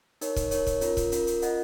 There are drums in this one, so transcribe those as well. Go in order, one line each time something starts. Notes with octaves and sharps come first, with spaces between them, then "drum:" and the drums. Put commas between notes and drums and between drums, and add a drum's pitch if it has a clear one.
D#4 A#4 C#5, drum: hi-hat
drum: kick, hi-hat
D#4 A#4 C#5, drum: hi-hat
drum: kick, hi-hat
C#4 F4 A#4, drum: hi-hat
drum: kick, hi-hat
C#4 F4 A#4, drum: hi-hat
drum: hi-hat
F4 A#4 D#5 F#5, drum: hi-hat